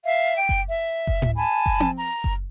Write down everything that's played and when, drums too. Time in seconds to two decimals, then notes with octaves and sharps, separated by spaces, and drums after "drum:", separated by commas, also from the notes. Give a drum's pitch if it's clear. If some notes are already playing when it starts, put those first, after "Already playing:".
0.05 E5 F5
0.37 G5
0.49 drum: kick F#1
0.69 E5
1.07 drum: kick F#1
1.22 drum: tom A2
1.36 G#5 A5 B5
1.66 drum: kick F#1
1.80 drum: tom C4
1.95 A#5
2.24 drum: kick F#1